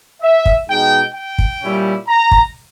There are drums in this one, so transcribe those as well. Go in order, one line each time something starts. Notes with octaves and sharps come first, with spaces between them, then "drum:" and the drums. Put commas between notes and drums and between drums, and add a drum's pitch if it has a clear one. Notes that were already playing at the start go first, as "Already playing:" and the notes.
E5
drum: kick
B2 G#3 D#4 G5
G5
drum: kick
A#2 G3 C#4 E4
A#5
drum: kick